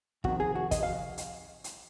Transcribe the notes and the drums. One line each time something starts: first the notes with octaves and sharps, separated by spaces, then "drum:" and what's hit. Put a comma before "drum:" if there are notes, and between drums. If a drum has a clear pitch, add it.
F2 C3 D#3 F#4, drum: kick
G#4
F#4
D#5, drum: kick, hi-hat
F5
drum: hi-hat
drum: hi-hat